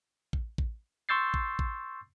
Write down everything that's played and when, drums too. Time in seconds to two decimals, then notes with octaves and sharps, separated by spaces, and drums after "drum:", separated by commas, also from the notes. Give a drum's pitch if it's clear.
0.33 drum: kick A1
0.58 drum: kick A1
1.09 C6 C#6 E6 G6 A6 C7
1.34 drum: kick A1
1.59 drum: kick A1